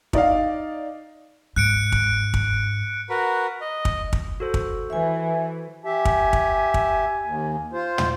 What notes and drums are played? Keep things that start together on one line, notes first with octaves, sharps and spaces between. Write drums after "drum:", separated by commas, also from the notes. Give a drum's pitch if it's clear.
D#4 D5 D#5 F5, drum: kick
G#2 F#6 C#7 D7
drum: kick
drum: kick
F#4 A#4 B4
D#5
drum: kick
drum: kick
F#4 A4 C5
drum: kick
E3 E5 G#5
G4 E5 G#5
drum: kick
drum: kick
drum: kick
D#2
F4 C5
drum: tom